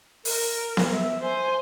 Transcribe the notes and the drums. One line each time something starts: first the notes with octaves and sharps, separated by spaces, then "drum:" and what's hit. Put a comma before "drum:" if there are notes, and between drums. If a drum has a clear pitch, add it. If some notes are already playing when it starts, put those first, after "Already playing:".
A#4, drum: open hi-hat
drum: snare B3
E5
C5 G#5